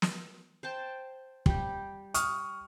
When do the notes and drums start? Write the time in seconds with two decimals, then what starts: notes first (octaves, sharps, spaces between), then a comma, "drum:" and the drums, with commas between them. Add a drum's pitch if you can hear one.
0.02 drum: snare
0.63 C5 G5 A5
1.46 G3 G4, drum: kick
2.14 C#6 D#6 F6, drum: hi-hat